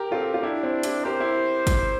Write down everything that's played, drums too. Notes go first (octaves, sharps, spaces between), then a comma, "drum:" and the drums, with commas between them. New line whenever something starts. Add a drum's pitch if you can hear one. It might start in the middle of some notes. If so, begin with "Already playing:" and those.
Already playing: G4 A#4
C4 F4 A4
F4
D4 E4 G4
C4 E4
E4 G4, drum: hi-hat
G4 A#4 C5
E4 G4
drum: kick, hi-hat